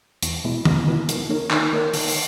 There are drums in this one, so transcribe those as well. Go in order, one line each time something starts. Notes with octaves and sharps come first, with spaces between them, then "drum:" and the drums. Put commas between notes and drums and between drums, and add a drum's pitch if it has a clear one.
E2, drum: hi-hat
B2 G#3 B3 E4
E2, drum: tom D#3
B2 G#3 B3 E4
D#3, drum: hi-hat
A#3 D#4 A#4 C#5
D#3, drum: clap
A#3 D#4 A#4 C#5
D#3, drum: open hi-hat
drum: open hi-hat